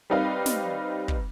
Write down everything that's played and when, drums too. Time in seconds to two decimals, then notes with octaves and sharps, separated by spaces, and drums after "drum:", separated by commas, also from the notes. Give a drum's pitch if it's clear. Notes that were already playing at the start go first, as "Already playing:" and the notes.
0.10 G3 C4 D#4 B4 F5
0.46 drum: snare
1.08 drum: kick